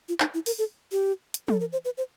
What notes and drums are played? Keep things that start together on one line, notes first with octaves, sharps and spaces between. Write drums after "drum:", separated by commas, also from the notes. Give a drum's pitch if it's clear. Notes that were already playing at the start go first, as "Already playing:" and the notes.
F4
D#4, drum: clap
E4
A#4, drum: open hi-hat
A4
G4
drum: hi-hat
A4, drum: tom
A#4
C5
B4
C5